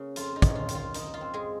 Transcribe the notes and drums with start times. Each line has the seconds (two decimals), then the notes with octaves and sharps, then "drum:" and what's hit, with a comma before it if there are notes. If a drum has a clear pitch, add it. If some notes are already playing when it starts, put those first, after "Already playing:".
Already playing: C#3 A#3 G#4
0.16 F2 F4, drum: hi-hat
0.36 D#4
0.42 C#4, drum: kick, hi-hat
0.55 F4
0.69 D#3, drum: hi-hat
0.75 F4
0.94 F#2 D#4, drum: hi-hat
1.14 F4
1.21 C4
1.34 G#3 G#4